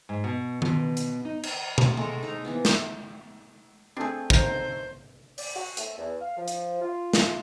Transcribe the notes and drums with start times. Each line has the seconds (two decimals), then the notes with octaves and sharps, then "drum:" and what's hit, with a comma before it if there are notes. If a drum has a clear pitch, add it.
0.09 G#2
0.24 B2
0.62 B2, drum: tom D#3
0.97 drum: hi-hat
1.25 D#4
1.43 drum: cymbal
1.78 F5 A5 C6, drum: tom B2
1.97 G#3 A3 A4 A#4
2.23 D#4 A#5
2.45 E3 A#3 B3
2.65 drum: snare
3.97 A3 C4 D4 G#4
4.30 D#4 C5 F5 A#5, drum: kick
5.38 D5, drum: open hi-hat
5.56 F#4
5.77 A3, drum: hi-hat
5.98 E2
6.21 F5
6.36 F3
6.48 drum: hi-hat
6.81 F4
7.13 drum: snare